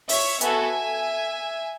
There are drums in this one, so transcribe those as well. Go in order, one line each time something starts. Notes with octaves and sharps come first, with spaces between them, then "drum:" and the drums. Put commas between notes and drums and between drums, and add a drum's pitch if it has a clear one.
C#5 E5, drum: open hi-hat
B3 F#4 A4 E5 G#5, drum: hi-hat